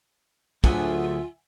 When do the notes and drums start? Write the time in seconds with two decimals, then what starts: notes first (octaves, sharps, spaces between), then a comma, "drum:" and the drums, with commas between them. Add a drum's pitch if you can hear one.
0.64 D2 D3 F#3 F4 G#4 E5 F#5 G#5, drum: kick